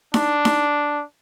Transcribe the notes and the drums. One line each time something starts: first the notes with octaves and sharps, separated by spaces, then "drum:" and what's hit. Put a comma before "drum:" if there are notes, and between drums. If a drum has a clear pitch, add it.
D4, drum: snare D#4
drum: snare D#4